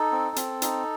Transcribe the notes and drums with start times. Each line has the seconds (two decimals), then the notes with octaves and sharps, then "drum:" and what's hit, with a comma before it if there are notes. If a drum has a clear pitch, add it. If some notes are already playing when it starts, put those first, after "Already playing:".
Already playing: D#4 A4
0.12 C4
0.36 C4, drum: hi-hat
0.62 D#4, drum: hi-hat